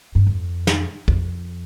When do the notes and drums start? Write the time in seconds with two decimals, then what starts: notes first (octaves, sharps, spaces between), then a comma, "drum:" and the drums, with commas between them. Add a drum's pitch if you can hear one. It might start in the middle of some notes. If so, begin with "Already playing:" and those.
0.15 G2
0.27 F2
0.67 drum: snare
1.08 F2, drum: kick